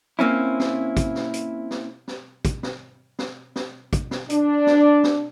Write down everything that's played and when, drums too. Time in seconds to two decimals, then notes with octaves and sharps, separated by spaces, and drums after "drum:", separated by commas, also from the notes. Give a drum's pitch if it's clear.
0.19 A#3 C4 C#4 E4
0.60 drum: snare
0.97 drum: kick, hi-hat
1.15 drum: snare
1.34 drum: hi-hat
1.71 drum: snare
2.08 drum: snare
2.45 drum: kick, hi-hat
2.63 drum: snare
3.19 drum: snare
3.56 drum: snare
3.93 drum: kick, hi-hat
4.11 drum: snare
4.30 D4, drum: hi-hat
4.67 drum: snare
5.04 drum: snare